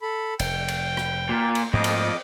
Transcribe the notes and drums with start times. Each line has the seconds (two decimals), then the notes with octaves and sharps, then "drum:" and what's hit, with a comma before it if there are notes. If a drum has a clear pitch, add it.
0.02 A4 B5
0.39 F1 G5, drum: cymbal
0.68 drum: cymbal
0.97 drum: rim click
1.29 A#2
1.55 drum: cymbal
1.73 F2 G#2 A3 A#3 D#5 D6
1.84 drum: cymbal